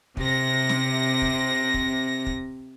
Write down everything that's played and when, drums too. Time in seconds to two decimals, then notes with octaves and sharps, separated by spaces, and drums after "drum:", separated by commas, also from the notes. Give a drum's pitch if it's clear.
0.17 C3 A#6, drum: kick
0.69 drum: snare
1.22 drum: kick
1.74 drum: kick
2.26 drum: kick